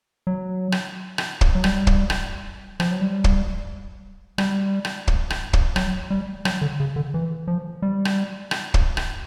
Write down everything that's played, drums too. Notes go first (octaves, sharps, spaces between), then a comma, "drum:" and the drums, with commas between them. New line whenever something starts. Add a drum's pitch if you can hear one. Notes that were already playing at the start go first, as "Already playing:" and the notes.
F#3
drum: rim click
drum: rim click
drum: kick
F#3
G3, drum: rim click
drum: kick
drum: rim click
F3, drum: rim click
F#3
G3
drum: kick
G3, drum: rim click
drum: rim click
drum: kick
drum: rim click
drum: kick
F#3, drum: rim click
G3
F#3, drum: rim click
D3
C#3
D3
E3
F3
G3
drum: rim click
drum: rim click
drum: kick
drum: rim click